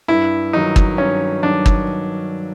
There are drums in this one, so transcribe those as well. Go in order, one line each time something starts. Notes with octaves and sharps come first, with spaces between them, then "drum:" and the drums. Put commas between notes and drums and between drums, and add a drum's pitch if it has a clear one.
G2 E4
D#3 F#3 D#4
drum: kick
G2 C#4
D#3 F#3 D4
drum: kick